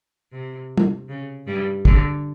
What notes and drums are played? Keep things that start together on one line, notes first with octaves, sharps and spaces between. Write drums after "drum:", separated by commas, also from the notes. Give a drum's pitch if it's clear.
C3
drum: tom
C#3
G2 G3
D3, drum: kick